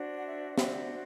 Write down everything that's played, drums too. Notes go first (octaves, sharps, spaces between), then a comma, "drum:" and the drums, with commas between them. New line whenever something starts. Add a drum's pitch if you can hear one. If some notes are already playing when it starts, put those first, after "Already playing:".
Already playing: D4 F#4 C5
F#5
E5
D4 F#4 C5 E5, drum: snare